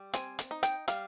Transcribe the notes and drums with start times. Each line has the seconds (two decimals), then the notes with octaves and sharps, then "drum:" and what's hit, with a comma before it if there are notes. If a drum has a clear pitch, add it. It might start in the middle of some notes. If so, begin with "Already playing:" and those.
Already playing: G3
0.13 C4 G#5, drum: hi-hat
0.39 drum: hi-hat
0.51 D#4
0.63 G5, drum: hi-hat
0.88 G3 F5, drum: hi-hat